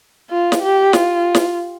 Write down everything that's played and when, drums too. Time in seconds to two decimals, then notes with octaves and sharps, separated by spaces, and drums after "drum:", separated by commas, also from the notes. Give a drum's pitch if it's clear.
0.31 F4
0.52 drum: snare
0.62 G4
0.93 F4, drum: snare
1.35 drum: snare